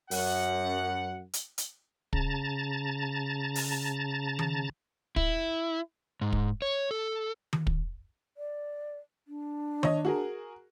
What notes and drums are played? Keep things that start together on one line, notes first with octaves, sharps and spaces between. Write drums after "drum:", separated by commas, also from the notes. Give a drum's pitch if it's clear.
F#2 F#5, drum: open hi-hat
drum: hi-hat
drum: hi-hat
C#3 A5 A#5 A6, drum: kick
drum: open hi-hat
drum: tom D#3
E4, drum: kick
G#2
drum: kick
C#5
A4
drum: tom D#3
drum: kick
D5
D4
C#5 D#5, drum: tom D#3
F#4 G#4 A#4